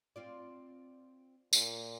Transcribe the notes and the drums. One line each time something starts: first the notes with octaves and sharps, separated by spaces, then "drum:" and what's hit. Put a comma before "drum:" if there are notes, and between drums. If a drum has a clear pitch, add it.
C4 F4 D5
A#2, drum: tambourine